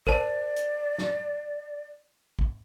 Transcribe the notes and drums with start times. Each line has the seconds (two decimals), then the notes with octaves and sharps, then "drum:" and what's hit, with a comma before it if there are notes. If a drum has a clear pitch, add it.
0.07 A#4 C5 D5 A5, drum: kick
0.56 drum: hi-hat
0.98 drum: snare
2.39 drum: kick